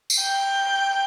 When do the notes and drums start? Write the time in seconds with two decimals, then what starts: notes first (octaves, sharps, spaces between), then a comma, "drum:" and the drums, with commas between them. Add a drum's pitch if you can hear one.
0.10 drum: tambourine
0.22 G5